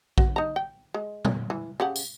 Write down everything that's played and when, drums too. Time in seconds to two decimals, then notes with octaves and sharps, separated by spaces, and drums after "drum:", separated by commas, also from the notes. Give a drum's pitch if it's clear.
0.18 F#4, drum: kick A#1
0.36 D#4 A#5
0.56 G5
0.94 G#3
1.25 drum: tom A#2
1.50 E3
1.80 C#3 G4 F#5
1.96 drum: tambourine